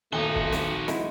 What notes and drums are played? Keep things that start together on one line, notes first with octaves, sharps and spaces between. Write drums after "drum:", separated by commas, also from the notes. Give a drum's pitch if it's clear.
D#1 A3 D#4 F#4 G#5 G7
drum: kick
drum: snare
G#3 E4, drum: snare